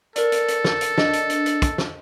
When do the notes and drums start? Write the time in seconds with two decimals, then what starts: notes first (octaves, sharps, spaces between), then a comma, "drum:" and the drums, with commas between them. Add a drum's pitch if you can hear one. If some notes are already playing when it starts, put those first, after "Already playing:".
0.16 A4 A#4 D5, drum: hi-hat
0.32 drum: hi-hat
0.48 drum: hi-hat
0.65 drum: snare
0.81 drum: hi-hat
0.98 D4 D#5, drum: snare
1.13 drum: hi-hat
1.30 drum: hi-hat
1.46 drum: hi-hat
1.62 drum: kick, hi-hat
1.78 drum: snare